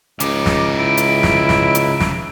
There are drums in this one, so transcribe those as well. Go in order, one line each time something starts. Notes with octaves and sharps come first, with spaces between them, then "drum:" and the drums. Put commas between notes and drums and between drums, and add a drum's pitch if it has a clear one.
C#2 C#3 D#4 D6, drum: hi-hat
drum: snare
E4 D7
drum: hi-hat
drum: snare
drum: snare
drum: hi-hat
drum: snare